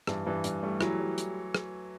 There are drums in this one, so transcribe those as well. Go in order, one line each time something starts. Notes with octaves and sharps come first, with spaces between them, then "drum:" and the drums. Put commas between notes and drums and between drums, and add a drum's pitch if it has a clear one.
G2 E3, drum: rim click
G2 E3
G2, drum: hi-hat
G3 A3
E3 F#3, drum: rim click
G3
drum: hi-hat
drum: rim click